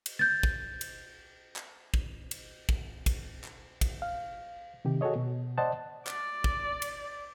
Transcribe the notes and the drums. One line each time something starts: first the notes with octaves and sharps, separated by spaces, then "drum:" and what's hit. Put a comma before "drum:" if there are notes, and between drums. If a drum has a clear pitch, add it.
drum: cymbal
G6 A6
drum: kick
drum: cymbal
drum: clap
drum: kick
drum: cymbal
drum: kick
drum: kick, cymbal
drum: clap
drum: kick, cymbal
F5
C3 D#3 G4
F#4 G#4 A4 C#5 D#5
B2
C5 D5 D#5 F#5 A5
D5, drum: clap
drum: kick
drum: cymbal